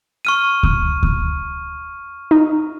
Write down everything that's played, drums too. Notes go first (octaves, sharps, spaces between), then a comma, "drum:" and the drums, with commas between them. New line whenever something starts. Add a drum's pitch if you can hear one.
C#6 F6 D#7
drum: kick D2
drum: kick D2
D#4